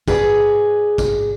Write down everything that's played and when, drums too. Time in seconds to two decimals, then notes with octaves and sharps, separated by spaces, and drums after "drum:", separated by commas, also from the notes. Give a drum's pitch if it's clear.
0.08 F#4 G#4 B4 D5, drum: kick A1, tambourine
0.98 drum: kick A1, tambourine